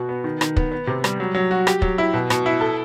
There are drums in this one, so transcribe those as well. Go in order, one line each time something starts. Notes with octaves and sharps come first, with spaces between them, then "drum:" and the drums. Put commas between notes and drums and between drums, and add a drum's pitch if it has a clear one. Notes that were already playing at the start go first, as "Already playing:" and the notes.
Already playing: B2 F#4
B3
D#3
D#3, drum: rim click
B3, drum: kick
B3
C3
G3, drum: rim click
F#3
F#3
F#4
G4, drum: rim click
F#3, drum: kick
E4
B2
B2, drum: rim click
E4
A4